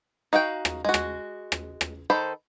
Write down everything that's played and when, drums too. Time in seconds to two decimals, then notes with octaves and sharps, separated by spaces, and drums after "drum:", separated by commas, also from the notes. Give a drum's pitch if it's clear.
0.33 D#4 F#4 F5 G5
0.65 drum: rim click
0.85 G#3 F#4
0.94 drum: rim click
1.52 drum: rim click
1.81 drum: rim click
2.10 D#3 A4 C5 B5